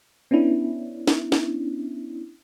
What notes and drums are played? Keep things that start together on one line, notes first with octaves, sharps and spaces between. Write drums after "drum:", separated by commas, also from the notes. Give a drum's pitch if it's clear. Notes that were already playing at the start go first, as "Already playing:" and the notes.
B3 C#4 D4 E4
drum: snare D#4
drum: snare D#4